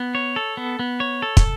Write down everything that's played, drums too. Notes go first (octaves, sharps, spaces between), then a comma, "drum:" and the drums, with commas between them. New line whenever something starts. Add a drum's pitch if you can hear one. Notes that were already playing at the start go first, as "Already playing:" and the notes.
Already playing: B3
C#5
A4
B3
B3
C#5
A4
drum: kick, hi-hat